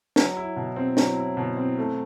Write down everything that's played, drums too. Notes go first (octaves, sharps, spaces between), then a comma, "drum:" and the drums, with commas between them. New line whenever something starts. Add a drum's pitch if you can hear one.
F#3, drum: snare
E4
B2
C4
F#3, drum: snare
E4
B2
C4
A3